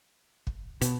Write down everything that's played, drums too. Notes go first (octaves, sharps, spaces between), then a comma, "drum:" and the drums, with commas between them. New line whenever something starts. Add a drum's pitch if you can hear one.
drum: kick
B2, drum: hi-hat